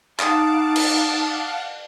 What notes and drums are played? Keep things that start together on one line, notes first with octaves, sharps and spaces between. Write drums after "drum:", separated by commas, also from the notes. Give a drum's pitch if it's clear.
D#4 F5 F#5 A5 D6 D#6, drum: clap
drum: cymbal